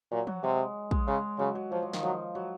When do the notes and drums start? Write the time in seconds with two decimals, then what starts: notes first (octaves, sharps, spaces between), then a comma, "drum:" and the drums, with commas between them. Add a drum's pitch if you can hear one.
0.12 A#2 F#3
0.27 F#3, drum: tom
0.43 C3 G#3
0.91 G#3, drum: kick
1.07 C#3 G#3
1.39 C#3 F#3
1.55 F#3
1.71 F3 F#3
1.82 F3
1.93 D#3, drum: snare
2.03 F3 F#3
2.35 F#3